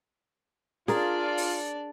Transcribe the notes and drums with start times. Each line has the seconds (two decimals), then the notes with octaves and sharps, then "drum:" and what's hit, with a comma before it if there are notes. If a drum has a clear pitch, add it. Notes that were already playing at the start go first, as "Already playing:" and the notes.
0.88 D4 F4 G#4 A#4 D5, drum: snare
1.37 drum: open hi-hat